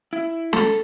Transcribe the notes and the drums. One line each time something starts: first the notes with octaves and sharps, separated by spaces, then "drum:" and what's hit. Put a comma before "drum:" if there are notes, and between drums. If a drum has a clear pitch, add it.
E4
A4, drum: snare